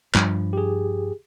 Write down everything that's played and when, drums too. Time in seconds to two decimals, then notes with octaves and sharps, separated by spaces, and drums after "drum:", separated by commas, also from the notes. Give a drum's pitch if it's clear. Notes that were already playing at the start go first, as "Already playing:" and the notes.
0.15 G2 F3, drum: clap
0.53 G4 G#4